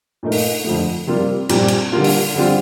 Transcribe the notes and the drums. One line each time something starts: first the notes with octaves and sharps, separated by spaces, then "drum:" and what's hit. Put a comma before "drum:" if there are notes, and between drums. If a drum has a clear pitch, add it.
A#2 A3 D#4 A#4
drum: open hi-hat
F2 D3 F3 A3
C3 G3 A#3 F4
A#2 G3 C4, drum: cymbal
drum: cymbal
D3 G3 A#3 F4
drum: open hi-hat
D3 G3 C4 F4